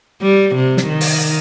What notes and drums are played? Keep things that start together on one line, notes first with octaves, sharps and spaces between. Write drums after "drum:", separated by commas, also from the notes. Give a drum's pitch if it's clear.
G3
C3
drum: snare
D#3
drum: open hi-hat